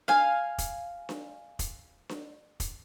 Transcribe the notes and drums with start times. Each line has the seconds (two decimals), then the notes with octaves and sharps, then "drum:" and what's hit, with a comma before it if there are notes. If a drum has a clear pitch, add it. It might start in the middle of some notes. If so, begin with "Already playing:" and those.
0.08 F5 G#5, drum: snare D4
0.58 drum: kick, hi-hat
1.09 drum: snare D4
1.59 drum: kick, hi-hat
2.09 drum: snare D4
2.60 drum: kick, hi-hat